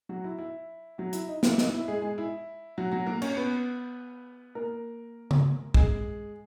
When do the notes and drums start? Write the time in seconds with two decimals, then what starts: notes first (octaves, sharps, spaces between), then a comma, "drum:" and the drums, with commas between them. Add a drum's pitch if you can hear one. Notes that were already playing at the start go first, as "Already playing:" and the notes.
0.09 F#3 F#4
0.24 E4
0.39 E4
0.98 F#3 F#4
1.13 E4, drum: hi-hat
1.28 D#4
1.43 E4, drum: snare
1.58 D#4, drum: snare
1.73 E4
1.88 G#3 G#4
2.02 G#3 G#4
2.18 E4
2.78 F#3 F#4
2.92 F#3 F#4
3.06 A#3 A#4
3.22 C#4 C#5, drum: cymbal
3.37 B3 B4
4.55 A#3 A#4
5.31 drum: tom C#3
5.74 G#3 G#4, drum: kick